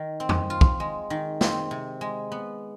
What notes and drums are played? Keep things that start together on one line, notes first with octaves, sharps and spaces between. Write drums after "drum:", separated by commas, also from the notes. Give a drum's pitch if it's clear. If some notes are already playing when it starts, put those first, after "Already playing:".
Already playing: D#3
C4
drum: tom E2
F4
drum: kick
G#3
D#3
C4, drum: snare
C3
G#3
B3